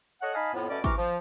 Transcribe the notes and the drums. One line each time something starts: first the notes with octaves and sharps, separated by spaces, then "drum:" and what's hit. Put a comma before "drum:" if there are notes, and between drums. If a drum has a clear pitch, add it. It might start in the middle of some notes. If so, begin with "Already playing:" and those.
A4 C#5 D#5 F#5
D#4 D#5 F5 G#5 A5 B5
F2 A2 B3
B2 A3 C#4 D5
C3 E3 A#5 C#6 D6 F6, drum: kick G#1, hi-hat
F3